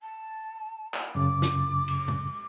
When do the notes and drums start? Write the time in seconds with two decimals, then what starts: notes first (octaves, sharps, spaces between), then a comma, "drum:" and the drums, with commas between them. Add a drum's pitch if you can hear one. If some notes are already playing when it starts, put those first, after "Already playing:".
0.01 A5
0.94 drum: clap
1.15 F#2 C#3 D6
1.42 drum: snare
1.88 drum: cymbal
2.08 drum: tom A2